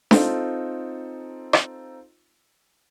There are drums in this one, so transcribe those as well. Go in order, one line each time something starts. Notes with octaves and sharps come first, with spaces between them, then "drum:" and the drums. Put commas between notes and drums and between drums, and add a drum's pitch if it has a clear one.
C4 D#4 F4 A4, drum: snare D4
drum: rim click